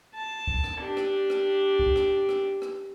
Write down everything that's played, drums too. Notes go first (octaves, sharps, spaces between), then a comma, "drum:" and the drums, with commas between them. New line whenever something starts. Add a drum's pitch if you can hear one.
A5
drum: kick
drum: rim click
D4 G4
drum: rim click
drum: rim click
drum: kick
drum: rim click
drum: rim click
drum: rim click